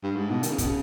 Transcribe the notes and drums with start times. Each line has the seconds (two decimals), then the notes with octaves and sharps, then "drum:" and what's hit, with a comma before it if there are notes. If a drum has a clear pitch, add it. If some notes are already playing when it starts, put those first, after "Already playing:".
0.03 G2
0.16 G#2
0.30 B2
0.43 D#3, drum: hi-hat
0.50 C#3
0.58 B2, drum: kick, hi-hat
0.66 C#3